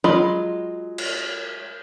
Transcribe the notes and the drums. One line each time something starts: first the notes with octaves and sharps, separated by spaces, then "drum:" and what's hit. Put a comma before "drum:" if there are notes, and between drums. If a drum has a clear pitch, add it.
F#3 G#3 F4 D#5 B5
drum: cymbal